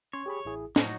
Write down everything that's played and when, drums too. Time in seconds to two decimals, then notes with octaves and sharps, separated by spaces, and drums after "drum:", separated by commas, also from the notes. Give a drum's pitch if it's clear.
0.13 C#4 C#5 C6
0.26 G4 G#4 B5
0.45 A1 E4 G#4
0.76 A2 F#3 D#4 F#4, drum: snare